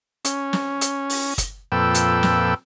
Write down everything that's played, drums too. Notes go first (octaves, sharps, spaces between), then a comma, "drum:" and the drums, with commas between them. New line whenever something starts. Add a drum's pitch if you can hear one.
C#4, drum: hi-hat
drum: snare
drum: hi-hat
drum: open hi-hat
drum: kick, hi-hat
F2 A#2 A4 B4 G5 E6
drum: hi-hat
drum: snare